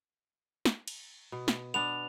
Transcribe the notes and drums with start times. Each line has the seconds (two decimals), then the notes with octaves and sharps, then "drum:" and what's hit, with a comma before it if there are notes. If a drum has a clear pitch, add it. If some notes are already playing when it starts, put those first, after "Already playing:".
0.65 drum: snare
0.88 drum: cymbal
1.32 B2
1.48 drum: snare
1.74 B3 D4 F7